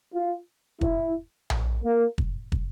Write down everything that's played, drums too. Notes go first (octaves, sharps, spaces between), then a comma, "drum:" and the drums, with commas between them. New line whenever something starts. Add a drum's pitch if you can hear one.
F4
E4, drum: kick
drum: tom A#1
A#3
drum: kick
drum: kick